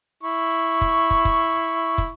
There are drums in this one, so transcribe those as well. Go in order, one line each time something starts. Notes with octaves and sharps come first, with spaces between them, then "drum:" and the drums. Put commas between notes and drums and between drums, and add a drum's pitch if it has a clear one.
E4 C#6
drum: kick
drum: kick
drum: kick
drum: kick